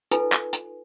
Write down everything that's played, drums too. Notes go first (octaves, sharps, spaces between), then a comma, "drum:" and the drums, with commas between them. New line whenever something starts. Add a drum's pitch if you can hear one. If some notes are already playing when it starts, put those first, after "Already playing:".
D#4 F4 A4 B4 G#5, drum: hi-hat
drum: clap
drum: hi-hat